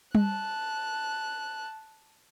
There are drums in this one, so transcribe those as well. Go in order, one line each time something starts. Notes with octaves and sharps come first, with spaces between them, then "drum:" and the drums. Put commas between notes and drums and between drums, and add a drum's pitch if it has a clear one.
A5 F#6, drum: tom G3